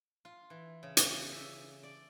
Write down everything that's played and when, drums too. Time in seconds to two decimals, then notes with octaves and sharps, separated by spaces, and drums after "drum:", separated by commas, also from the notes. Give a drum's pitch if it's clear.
0.25 F4
0.50 E3
0.83 C#3
0.97 drum: hi-hat
1.32 E5
1.83 D5